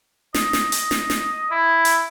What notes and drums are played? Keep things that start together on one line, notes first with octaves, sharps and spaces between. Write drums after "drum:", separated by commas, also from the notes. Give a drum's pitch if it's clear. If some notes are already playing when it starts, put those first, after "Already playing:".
D#5, drum: snare
drum: snare
drum: hi-hat
drum: snare
drum: snare
E4
drum: hi-hat